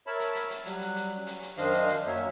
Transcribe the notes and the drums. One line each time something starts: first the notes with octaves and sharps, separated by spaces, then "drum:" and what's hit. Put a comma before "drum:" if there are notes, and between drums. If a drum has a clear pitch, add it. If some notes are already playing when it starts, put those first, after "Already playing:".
A#4 C#5 E5 A5 B5
drum: hi-hat
drum: hi-hat
drum: hi-hat
F#3 G3 F#6, drum: hi-hat
drum: hi-hat
drum: hi-hat
C#4
drum: hi-hat
drum: hi-hat
F#2 D#3 D4 C5 D#5 F5, drum: hi-hat
drum: hi-hat
drum: hi-hat
F#2 F#3 A#3 C#4 C#5 E5